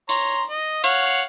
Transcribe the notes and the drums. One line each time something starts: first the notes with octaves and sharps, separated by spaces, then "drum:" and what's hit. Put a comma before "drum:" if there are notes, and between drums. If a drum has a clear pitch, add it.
C#5 A#5 C6, drum: hi-hat
D#5
C#5 F5 F#5, drum: hi-hat